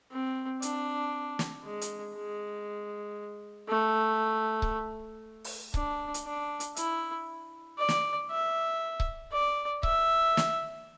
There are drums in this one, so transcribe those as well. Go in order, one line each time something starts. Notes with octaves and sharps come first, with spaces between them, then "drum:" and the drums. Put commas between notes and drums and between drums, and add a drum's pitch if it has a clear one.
C4
D4, drum: hi-hat
drum: snare
G#3
drum: hi-hat
G#3
A3
drum: kick C#1
drum: open hi-hat
D4, drum: kick C#1
drum: hi-hat
D4
drum: hi-hat
E4, drum: hi-hat
D5
drum: snare
E5
drum: kick C#1
D5
E5, drum: kick C#1
drum: snare